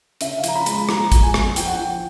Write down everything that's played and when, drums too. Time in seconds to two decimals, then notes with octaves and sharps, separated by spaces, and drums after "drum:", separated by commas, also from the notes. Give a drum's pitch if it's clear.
0.21 C#3 E5, drum: hi-hat
0.38 F5
0.44 F3 A#5, drum: hi-hat
0.55 B5
0.66 G#3, drum: hi-hat
0.72 B5
0.89 F3 A#5, drum: rim click
1.12 G#3, drum: kick, hi-hat
1.23 G#5
1.34 F2, drum: rim click
1.56 F3 G5, drum: hi-hat
1.66 F#5
1.76 F3 G5